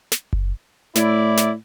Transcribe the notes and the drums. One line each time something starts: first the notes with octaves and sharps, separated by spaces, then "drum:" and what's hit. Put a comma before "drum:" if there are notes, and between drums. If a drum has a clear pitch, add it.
drum: snare
drum: kick F#1
A2 E4 D5, drum: snare
drum: snare